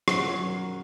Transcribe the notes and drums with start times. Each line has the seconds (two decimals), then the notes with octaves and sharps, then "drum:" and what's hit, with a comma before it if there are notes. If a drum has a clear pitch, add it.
0.08 F#2 F#5, drum: rim click
0.27 C#5
0.38 F#3
0.49 A#4